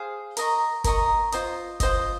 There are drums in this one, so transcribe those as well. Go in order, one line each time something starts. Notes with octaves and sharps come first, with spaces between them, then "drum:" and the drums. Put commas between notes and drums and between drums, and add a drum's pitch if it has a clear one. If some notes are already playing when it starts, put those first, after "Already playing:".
Already playing: G#4 C5 F5
A#4 D#5 A#5 C#6, drum: hi-hat
A#4 D#5 A#5 C#6, drum: kick F#1, hi-hat
F4 C5 D#5, drum: hi-hat
F4 C5 D#5, drum: kick F#1, hi-hat